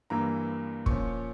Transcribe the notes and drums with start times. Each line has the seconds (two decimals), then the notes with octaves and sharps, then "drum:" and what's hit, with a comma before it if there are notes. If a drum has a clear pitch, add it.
0.10 G2 E3 A#3 A#5
0.86 A#2 F3 C#4 C#6, drum: kick